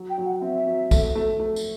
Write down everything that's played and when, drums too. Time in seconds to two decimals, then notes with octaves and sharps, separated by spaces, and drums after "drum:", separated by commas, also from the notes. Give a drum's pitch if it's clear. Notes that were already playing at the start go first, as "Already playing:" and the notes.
Already playing: F#3
0.09 G5
0.18 F#3
0.25 F#5
0.41 C4 E5
0.67 F#3
0.91 A3, drum: kick B1, tambourine
1.15 A3
1.39 A3
1.56 drum: tambourine